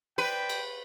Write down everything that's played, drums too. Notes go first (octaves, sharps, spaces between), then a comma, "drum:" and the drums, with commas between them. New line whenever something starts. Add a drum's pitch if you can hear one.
B4 C5 D5 G5
drum: cymbal